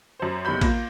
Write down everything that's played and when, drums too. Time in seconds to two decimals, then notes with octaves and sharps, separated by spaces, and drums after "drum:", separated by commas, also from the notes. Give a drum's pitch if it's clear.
0.20 F#2 C5
0.45 F#1 B1 B2 G3 B5 G6
0.61 A#3 F4, drum: kick A1, cymbal